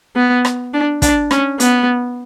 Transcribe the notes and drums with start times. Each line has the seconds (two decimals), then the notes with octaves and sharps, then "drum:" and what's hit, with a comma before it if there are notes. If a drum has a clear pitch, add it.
0.16 B3
0.45 drum: rim click
0.74 D4
1.02 D4, drum: kick, hi-hat
1.31 C#4, drum: rim click
1.60 B3, drum: hi-hat